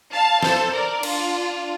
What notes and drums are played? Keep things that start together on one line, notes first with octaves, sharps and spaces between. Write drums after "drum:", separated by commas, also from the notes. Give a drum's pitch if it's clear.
F5 A5
A4 C5, drum: snare
A#4 D5
D4 F4, drum: cymbal